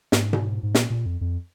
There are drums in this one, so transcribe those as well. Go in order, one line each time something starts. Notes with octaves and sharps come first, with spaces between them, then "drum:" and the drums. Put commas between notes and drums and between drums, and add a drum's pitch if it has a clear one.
G#2, drum: snare
drum: tom B2
G#2
A#2, drum: snare
A#2
F2
F2